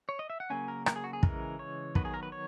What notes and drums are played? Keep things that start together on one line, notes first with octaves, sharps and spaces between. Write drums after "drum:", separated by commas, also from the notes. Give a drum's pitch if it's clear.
C#5
D#5
E5
F#5
C#3 F#3 A#3 C#4 G#5
A#4
A#4, drum: rim click
G#4
F#4
G#4
C#3 E3 G#3 A#4, drum: kick
C#5
D#3 F#3 B3 B4, drum: kick
G#4
A#4
B4
C#5